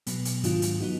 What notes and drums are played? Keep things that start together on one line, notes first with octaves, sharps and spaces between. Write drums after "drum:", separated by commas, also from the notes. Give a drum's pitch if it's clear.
B2 F#3 B3, drum: hi-hat
drum: hi-hat
G#2 D#3 F#3 D4 F4, drum: hi-hat
drum: hi-hat
F#3 B3 D#4 F#4